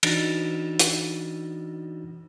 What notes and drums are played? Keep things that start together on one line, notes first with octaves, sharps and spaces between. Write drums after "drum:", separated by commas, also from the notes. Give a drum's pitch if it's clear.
E3 D4 D#4 F#4 A6 A#6, drum: cymbal
drum: hi-hat